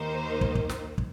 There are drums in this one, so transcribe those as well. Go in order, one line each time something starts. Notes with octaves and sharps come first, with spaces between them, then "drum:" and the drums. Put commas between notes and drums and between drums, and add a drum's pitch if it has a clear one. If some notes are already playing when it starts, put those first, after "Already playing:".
Already playing: D#2 D#3 A#3 D#4 C5
drum: kick
drum: kick
drum: snare
drum: kick